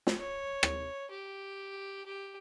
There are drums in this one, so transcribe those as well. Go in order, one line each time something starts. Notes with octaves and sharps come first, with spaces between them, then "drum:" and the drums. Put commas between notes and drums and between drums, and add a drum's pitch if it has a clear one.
drum: snare
C#5
drum: rim click
G4
G4